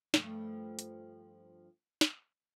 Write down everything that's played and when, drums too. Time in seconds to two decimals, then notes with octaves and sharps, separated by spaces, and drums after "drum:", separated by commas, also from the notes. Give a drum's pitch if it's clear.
0.14 G2 F3 A3, drum: snare
0.79 drum: hi-hat
2.01 drum: snare